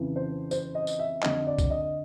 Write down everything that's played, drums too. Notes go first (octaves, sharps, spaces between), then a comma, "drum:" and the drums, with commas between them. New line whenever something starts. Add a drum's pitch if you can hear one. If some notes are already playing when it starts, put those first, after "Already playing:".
Already playing: F2 C#3 E3
C5
C5, drum: tambourine
D#5
drum: tambourine
E5
F2 D3 D#5, drum: clap
D5
drum: kick, tambourine
D#5